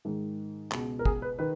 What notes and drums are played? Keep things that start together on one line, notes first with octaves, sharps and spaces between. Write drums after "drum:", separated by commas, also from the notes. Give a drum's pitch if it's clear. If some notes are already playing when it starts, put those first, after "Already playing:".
G#2 D#3
C#2 B2, drum: clap
A#4
G#4, drum: kick
B4
D#3 B4